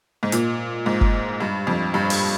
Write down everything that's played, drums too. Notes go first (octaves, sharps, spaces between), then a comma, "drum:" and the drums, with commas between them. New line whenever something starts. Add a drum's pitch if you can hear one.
G#2
A#2, drum: hi-hat
G#2
drum: kick F#1
G2
F2
G2
drum: open hi-hat